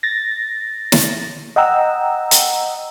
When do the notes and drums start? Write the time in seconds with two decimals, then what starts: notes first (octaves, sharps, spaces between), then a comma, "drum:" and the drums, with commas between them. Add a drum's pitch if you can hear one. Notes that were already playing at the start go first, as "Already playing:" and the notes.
0.03 A6 A#6
0.92 drum: snare
1.56 D#5 F#5 G5 A#5 E6
2.31 drum: hi-hat